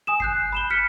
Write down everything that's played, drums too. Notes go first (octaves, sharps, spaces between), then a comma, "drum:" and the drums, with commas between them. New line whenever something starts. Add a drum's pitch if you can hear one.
G#5 D#6 E7
F#6 G6 C7, drum: kick G1
B5 E7 G7
F6 B6 C#7